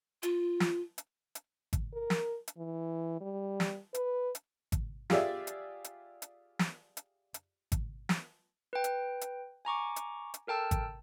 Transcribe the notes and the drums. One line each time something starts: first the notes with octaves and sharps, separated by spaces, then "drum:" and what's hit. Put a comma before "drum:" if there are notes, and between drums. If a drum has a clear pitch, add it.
F4, drum: hi-hat
drum: snare
drum: hi-hat
drum: hi-hat
drum: kick G#1, hi-hat
A#4
drum: snare
drum: hi-hat
E3
G3
drum: snare
B4, drum: hi-hat
drum: hi-hat
drum: kick G#1, hi-hat
F4 G4 G#4 D5 E5, drum: snare
drum: hi-hat
drum: hi-hat
drum: hi-hat
drum: snare
drum: hi-hat
drum: hi-hat
drum: kick G#1, hi-hat
drum: snare
B4 G5
drum: hi-hat
drum: hi-hat
G#5 A#5 C#6 D6
drum: hi-hat
drum: hi-hat
A4 A#4 G5 A5 E6
drum: kick G#1, hi-hat